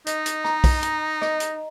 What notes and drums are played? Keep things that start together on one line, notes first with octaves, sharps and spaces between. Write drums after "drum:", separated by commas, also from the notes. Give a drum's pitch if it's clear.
D#4 D#5, drum: hi-hat
drum: hi-hat
A#5, drum: rim click
drum: kick B1, open hi-hat
A#5, drum: hi-hat
D#5, drum: rim click
drum: hi-hat